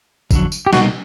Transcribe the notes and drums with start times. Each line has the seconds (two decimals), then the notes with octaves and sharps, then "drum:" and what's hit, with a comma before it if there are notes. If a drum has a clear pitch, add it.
0.31 F2 D3 F#3, drum: kick, tambourine
0.52 drum: tambourine
0.66 G4
0.73 C2 B2 G3 A#3 D#4 F#4, drum: snare